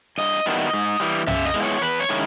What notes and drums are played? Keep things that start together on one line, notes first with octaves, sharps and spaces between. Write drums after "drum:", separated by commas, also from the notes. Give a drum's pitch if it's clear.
G2 D#5, drum: hi-hat
drum: hi-hat
D#3 G3 B3 E4
G#2, drum: open hi-hat
E3 G3
drum: hi-hat
C#3 E5, drum: tom
D#5, drum: hi-hat
G#3 B3 E4
C#5
E2 B4
C#5, drum: hi-hat
D#3 G#3 C#4 E4